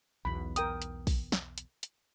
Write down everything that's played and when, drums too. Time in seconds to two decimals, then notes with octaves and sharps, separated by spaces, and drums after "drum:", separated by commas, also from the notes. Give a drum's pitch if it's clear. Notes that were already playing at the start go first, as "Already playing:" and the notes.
0.25 B1 E2 B2 B5
0.56 A#4 G5 D#6, drum: hi-hat
0.82 drum: hi-hat
1.07 drum: kick A#1, open hi-hat
1.32 drum: snare
1.58 drum: hi-hat
1.83 drum: hi-hat